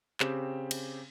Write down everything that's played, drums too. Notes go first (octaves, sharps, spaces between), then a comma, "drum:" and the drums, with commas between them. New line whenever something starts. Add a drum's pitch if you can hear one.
C#3 C4 G4 E7, drum: clap
drum: cymbal